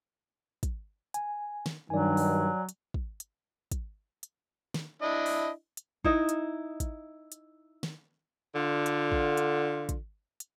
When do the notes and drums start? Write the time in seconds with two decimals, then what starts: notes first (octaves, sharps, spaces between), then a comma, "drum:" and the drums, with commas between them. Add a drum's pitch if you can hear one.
0.63 drum: kick, hi-hat
1.14 G#5, drum: hi-hat
1.66 drum: snare
1.90 G2 D#3 F#3 D5 G#5
2.17 drum: open hi-hat
2.69 drum: hi-hat
2.94 drum: kick
3.20 drum: hi-hat
3.72 drum: kick, hi-hat
4.23 drum: hi-hat
4.74 drum: snare
5.02 D4 E4 D#5
5.26 drum: open hi-hat
5.77 drum: hi-hat
6.05 D#4 E4 D#5, drum: kick
6.29 drum: hi-hat
6.80 drum: kick, hi-hat
7.32 drum: hi-hat
7.83 drum: snare
8.54 D3 F4
8.86 drum: hi-hat
9.12 drum: kick
9.37 drum: hi-hat
9.89 drum: kick, hi-hat
10.40 drum: hi-hat